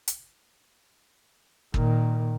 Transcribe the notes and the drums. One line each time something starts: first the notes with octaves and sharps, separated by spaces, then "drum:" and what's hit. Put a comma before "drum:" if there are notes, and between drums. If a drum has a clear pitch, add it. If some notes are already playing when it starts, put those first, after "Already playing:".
drum: hi-hat
A#2 D#3, drum: kick